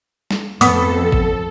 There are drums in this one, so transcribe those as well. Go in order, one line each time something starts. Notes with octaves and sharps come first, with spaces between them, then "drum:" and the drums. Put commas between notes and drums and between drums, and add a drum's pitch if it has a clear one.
drum: snare
F2 B3 A4 D#6, drum: open hi-hat
drum: kick G#1